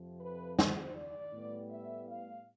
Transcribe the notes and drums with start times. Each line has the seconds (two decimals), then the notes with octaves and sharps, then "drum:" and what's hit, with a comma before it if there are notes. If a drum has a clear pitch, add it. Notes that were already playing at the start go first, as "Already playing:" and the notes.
Already playing: F2 C3 F3
0.21 B4
0.59 C5, drum: snare
0.95 D5
1.33 A2 G3 B3
1.70 E5
2.07 F5